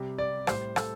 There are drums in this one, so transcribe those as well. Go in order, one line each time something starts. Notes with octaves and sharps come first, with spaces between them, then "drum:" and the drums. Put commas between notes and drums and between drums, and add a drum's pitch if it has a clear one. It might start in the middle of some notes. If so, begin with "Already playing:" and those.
Already playing: C3 G3
D5
A2 G3 C5, drum: rim click
A4, drum: rim click